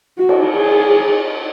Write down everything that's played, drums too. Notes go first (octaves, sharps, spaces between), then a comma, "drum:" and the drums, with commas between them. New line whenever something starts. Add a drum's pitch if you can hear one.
F#4
drum: cymbal
G#4